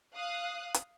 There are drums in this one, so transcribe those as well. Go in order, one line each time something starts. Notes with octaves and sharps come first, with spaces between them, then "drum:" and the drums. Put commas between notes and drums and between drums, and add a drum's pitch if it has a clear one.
F5 D#6 F#6
drum: hi-hat